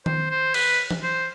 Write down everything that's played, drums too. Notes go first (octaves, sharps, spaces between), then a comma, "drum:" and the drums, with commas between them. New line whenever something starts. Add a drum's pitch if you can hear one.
C5, drum: tom D#3
C5
B4, drum: cymbal
drum: tom E3
C5